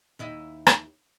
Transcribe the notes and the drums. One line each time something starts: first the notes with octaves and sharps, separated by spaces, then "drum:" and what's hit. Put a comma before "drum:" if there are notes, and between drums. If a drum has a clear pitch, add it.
D#2 E4 D#5
drum: rim click